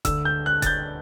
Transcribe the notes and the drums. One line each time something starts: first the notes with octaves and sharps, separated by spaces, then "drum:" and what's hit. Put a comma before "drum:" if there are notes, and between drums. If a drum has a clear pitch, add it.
D2 D3 E6, drum: kick F1, hi-hat
G6
F#6
A6, drum: kick F1, hi-hat
G6